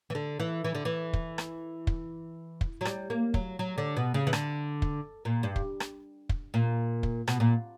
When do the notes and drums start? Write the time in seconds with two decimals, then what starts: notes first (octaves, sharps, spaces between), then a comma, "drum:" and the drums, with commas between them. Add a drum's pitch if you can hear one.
0.10 E3
0.15 D3
0.40 E3
0.64 E3
0.75 D3
0.85 E3
1.13 drum: kick
1.38 drum: rim click
1.87 drum: kick
2.61 drum: kick
2.81 F#3
2.85 G3, drum: rim click
3.10 A#3
3.34 F#3, drum: kick
3.59 F#3
3.78 D3
3.97 B2
4.14 C#3
4.27 E3
4.33 D3, drum: rim click
4.82 drum: kick
5.25 A#2
5.43 G2
5.56 drum: kick
5.80 drum: rim click
6.29 drum: kick
6.54 A#2
7.03 drum: kick
7.28 B2, drum: rim click
7.40 A#2